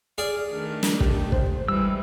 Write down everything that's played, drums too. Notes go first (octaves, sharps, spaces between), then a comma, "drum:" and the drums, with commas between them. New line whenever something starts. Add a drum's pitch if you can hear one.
G#4 D5 F6
D#3 A3 D4
drum: snare
G4, drum: kick
C5, drum: kick
E3 G3 G#3 E6